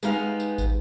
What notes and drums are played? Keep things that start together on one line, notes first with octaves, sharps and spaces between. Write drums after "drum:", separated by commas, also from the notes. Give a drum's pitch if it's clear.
G#3 B3 D#4 G4 F5, drum: tambourine
drum: tambourine
drum: kick, tambourine